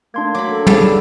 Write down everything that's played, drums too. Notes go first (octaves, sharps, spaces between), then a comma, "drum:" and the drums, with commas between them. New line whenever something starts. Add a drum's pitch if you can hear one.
A3 A#3 D4 C6 G#6
F#3 B5 D6
A4
G2 D3 G#4 A5 B5, drum: tom
E4